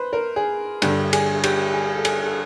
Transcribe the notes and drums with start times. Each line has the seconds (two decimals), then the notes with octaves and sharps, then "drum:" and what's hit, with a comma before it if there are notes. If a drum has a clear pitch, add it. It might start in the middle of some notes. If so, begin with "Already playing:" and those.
Already playing: B4 C5
0.13 A#4
0.36 G#4
0.82 G2 D3 G4, drum: cymbal
1.13 G#4, drum: cymbal
1.44 G4, drum: cymbal
1.74 G#4
1.96 A4
2.05 G#4, drum: cymbal
2.24 A4